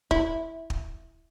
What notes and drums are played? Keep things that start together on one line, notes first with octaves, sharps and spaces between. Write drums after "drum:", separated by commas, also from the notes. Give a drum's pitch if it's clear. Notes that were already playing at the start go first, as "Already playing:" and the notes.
E4, drum: kick
drum: kick